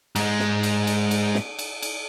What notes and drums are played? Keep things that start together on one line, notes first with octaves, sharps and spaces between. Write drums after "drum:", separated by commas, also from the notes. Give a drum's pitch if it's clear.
G#2 G#3, drum: cymbal
drum: snare
drum: cymbal
drum: cymbal
drum: cymbal
drum: snare
drum: cymbal
drum: cymbal